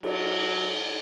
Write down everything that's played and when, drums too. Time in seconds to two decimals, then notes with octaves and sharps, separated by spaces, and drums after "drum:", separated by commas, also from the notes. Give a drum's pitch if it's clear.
0.03 F#3, drum: cymbal